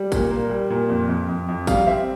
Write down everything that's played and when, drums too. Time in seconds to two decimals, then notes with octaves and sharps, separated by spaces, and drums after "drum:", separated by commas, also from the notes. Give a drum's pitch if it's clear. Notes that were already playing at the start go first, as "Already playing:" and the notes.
Already playing: G3
0.12 A#2, drum: kick, tambourine
0.31 A#3
0.50 G3
0.70 A#2
0.89 F2
1.09 F2
1.29 F2
1.49 F2
1.67 G3 F5, drum: kick, tambourine
1.86 C4 E5